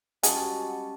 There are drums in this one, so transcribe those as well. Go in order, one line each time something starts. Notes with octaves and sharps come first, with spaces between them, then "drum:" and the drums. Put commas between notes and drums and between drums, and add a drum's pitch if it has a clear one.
G3 G#3 C#4 F#4 G#4 D#5 A5, drum: hi-hat